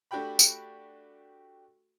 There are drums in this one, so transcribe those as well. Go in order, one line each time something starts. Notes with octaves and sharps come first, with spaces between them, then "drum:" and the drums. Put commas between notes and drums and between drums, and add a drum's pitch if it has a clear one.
A3 D4 F#4 G4 G5 B5
drum: tambourine